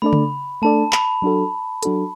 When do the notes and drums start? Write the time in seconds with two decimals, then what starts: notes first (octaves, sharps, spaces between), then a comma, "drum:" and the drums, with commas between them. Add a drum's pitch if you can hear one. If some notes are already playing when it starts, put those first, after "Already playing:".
0.02 A3 D4 A4 D5 B5
0.13 drum: tom C#3
0.62 A3 D4 A4 D5 A5
0.92 B5, drum: clap
1.22 F#3 D4 F#4 A4
1.83 F#3 D4 F#4 A4, drum: hi-hat